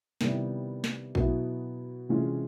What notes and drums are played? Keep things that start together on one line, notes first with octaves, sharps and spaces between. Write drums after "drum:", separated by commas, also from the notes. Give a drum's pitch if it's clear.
C3 D#3 G3 B3 E4, drum: snare
drum: snare
B2 F#3 B3 E4, drum: kick
C3 E3 G#3 C#4 F4